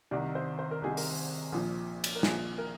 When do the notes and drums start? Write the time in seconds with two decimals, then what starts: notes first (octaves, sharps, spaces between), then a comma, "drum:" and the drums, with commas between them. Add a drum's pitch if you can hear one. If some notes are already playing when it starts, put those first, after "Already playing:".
0.11 C2 C3 D#3 D5
0.35 C5
0.59 C5
0.71 A#4
0.82 C2 C3 D#3 G#4
0.97 A#4, drum: open hi-hat
1.52 A#1 A#2 F3
2.04 drum: cymbal
2.16 A#4
2.23 A#1 A#2 F3 G#4, drum: snare
2.58 A#4